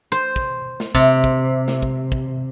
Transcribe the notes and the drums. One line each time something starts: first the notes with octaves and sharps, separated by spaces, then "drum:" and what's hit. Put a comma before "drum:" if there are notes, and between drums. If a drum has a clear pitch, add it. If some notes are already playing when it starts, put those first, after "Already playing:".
C5
drum: kick
drum: snare
C3, drum: kick
drum: kick
drum: snare
drum: kick
drum: kick